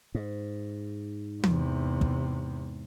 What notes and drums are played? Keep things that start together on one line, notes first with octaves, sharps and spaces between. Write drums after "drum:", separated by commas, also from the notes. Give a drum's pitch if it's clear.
G#2
E2 C3, drum: tom E3
drum: kick